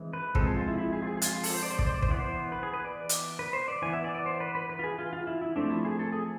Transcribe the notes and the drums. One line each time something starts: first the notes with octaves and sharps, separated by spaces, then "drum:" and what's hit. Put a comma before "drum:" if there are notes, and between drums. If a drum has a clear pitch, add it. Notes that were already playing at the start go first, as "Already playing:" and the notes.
Already playing: E3 G#3 C4
B4
F3 G#3 C4 A4, drum: kick
G#4
F4
E4
E4
G#4
F4
G#4
G#4
F4, drum: hi-hat
F4
A4, drum: open hi-hat
C5
D5
C5
D5, drum: kick
C5
D5
C5, drum: kick
E3 B3 D5
C5
B4
G#4
B4
D5
drum: hi-hat
B4
C5
D5
E3 B3 G#5
E5
D5
D5
C5
B4
B4
B4
F4
G#4
F4
F4
E4
E4
F3 A3 C4 D4
E4
G#4
A4
G#4